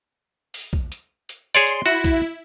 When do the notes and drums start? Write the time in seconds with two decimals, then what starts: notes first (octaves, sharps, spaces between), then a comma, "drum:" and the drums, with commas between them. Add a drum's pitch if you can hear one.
0.54 drum: open hi-hat
0.73 drum: kick
0.92 drum: hi-hat
1.29 drum: hi-hat
1.55 G#4 C#5 D5 C6
1.67 drum: hi-hat
1.86 E4 F#4
2.04 drum: kick, hi-hat